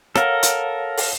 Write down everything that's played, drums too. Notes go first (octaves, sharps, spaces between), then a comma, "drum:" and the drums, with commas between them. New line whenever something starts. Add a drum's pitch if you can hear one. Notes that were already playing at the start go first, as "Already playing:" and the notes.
A4 A#4 C#5 F5 F#5, drum: rim click
drum: hi-hat
drum: open hi-hat